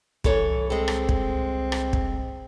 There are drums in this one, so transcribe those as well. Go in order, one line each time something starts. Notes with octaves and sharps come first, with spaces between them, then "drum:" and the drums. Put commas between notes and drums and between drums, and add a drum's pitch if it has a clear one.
C2 E3 A4 C#5, drum: kick
G#3 C4 A4
drum: rim click
drum: kick
drum: rim click
drum: kick